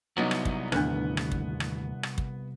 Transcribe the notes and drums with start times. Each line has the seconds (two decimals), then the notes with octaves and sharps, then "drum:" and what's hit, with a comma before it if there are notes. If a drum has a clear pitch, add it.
0.17 C2 F#3 B3 D#4
0.31 drum: rim click
0.45 drum: kick
0.72 D#2 A2 D3 B3 D4 B4 F#6, drum: rim click
1.17 drum: rim click
1.32 drum: kick
1.60 drum: rim click
2.03 drum: rim click
2.18 drum: kick